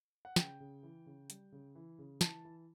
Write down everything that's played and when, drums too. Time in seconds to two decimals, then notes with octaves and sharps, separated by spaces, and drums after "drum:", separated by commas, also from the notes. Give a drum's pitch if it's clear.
0.25 F#5
0.36 C#3 G5, drum: snare
0.60 C#3
0.83 E3
1.06 C#3
1.30 G3, drum: hi-hat
1.52 C#3
1.75 E3
1.99 C#3
2.21 E3 A5, drum: snare
2.45 E3